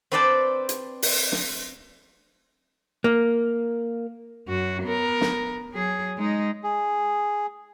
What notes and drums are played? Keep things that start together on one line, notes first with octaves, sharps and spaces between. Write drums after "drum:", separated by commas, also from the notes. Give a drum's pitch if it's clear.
C4 B4 C5 D5 G5 A5
drum: hi-hat
drum: open hi-hat
drum: snare
A#3
F#2 F#4
B3 A#4
drum: snare
F#3 G#4
G#3 D#4
G#4